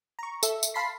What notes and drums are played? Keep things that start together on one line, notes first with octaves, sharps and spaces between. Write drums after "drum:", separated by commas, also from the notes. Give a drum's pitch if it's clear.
A#5 C#6
A4 E5, drum: tambourine
drum: tambourine
F5 A5 B5 C6 B6 C7